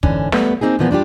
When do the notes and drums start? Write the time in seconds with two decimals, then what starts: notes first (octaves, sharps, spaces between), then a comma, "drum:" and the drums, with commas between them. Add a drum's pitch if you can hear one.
0.03 G#2 D3 E3 C#4 D4, drum: kick
0.32 G3 A3 B3 B4, drum: snare
0.61 A#3 C4 D#4 G#4
0.79 A#2 E3 F3 A#3 B3
0.91 G3 D4 F4 G4